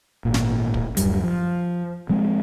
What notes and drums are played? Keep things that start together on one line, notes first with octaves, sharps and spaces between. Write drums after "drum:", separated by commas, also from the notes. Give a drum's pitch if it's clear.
G#1 A#2
drum: snare
drum: kick
D1 F#2 G3, drum: hi-hat
F3
F3 G#3 C4